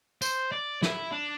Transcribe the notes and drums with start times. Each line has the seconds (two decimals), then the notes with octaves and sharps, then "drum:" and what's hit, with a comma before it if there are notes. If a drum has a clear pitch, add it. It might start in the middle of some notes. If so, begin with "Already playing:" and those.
0.22 C5, drum: tambourine
0.52 D5
0.83 E4, drum: snare
1.12 D4